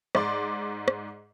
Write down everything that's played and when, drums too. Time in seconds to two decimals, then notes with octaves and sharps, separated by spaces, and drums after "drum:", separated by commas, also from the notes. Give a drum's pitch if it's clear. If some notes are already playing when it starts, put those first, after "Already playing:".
0.15 G#2 D5 C6 D6, drum: rim click
0.88 drum: rim click